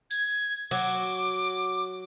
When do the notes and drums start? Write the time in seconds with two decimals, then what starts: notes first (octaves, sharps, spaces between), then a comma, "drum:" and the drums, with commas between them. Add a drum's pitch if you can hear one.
0.11 G#6, drum: tambourine
0.71 F#3 D6, drum: cymbal